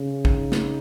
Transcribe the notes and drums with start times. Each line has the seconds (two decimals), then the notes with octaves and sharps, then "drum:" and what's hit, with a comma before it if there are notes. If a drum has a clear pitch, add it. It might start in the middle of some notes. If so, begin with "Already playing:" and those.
Already playing: C#3
0.25 D#4, drum: kick
0.52 drum: snare